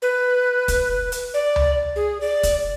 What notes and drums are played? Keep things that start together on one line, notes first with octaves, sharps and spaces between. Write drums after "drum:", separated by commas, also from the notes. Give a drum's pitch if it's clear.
B4
drum: kick, hi-hat
drum: hi-hat
D5
drum: tom C#2
G#4
D5
drum: kick, hi-hat